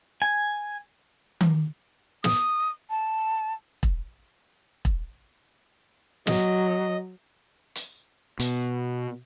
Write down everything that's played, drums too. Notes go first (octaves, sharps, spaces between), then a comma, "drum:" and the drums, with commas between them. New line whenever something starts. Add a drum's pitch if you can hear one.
G#5
drum: tom D#3
D#6, drum: snare
A5
drum: kick E1
drum: kick E1
F#3 D#5, drum: snare
drum: hi-hat
B2, drum: hi-hat